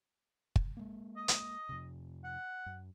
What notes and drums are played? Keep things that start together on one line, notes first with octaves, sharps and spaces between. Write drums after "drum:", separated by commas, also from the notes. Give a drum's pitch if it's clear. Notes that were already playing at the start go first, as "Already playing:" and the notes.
drum: kick
G#3 A#3
D#5
drum: hi-hat
F2 C3
F#5
F#2